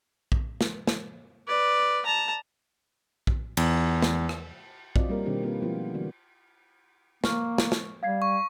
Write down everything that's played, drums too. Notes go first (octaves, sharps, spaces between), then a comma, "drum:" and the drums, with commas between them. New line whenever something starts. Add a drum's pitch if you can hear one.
drum: kick A#1
drum: snare
drum: snare
B4 D5
A5 A#5
drum: kick A#1
E2, drum: cymbal
drum: snare
drum: rim click
C4 F4 F#4 D5 D#5, drum: kick A#1
G3 A#3 C4 A#4 C#5
B2 D#3 G3 C4 D4 G4
A#3 C4 F4 A4 B4
F3 G#3 B3 C#4 E4 F4
D3 E3 G3 B3 F#4 D5
A#3 C#6 F6, drum: snare
drum: snare
drum: snare
G3 F5 G#6 C7
C#6